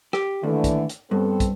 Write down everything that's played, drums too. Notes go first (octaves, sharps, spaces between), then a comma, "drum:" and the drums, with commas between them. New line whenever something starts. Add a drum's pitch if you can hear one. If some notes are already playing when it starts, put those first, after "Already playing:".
G4, drum: rim click
D#2 D3 E3 A3
drum: kick, hi-hat
drum: hi-hat
G2 B3 C4 A4
drum: kick, hi-hat